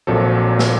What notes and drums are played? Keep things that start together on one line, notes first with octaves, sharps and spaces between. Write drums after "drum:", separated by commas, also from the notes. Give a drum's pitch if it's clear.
A#1 A#2 F#3 C4 A4
drum: snare